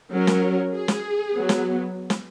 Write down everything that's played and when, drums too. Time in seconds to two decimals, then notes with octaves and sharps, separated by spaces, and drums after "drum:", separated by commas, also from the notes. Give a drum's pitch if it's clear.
0.12 F#3 C#4 A#4
0.27 drum: snare
0.73 G#4
0.88 drum: snare
1.34 F#3 B3
1.49 drum: snare
2.10 drum: snare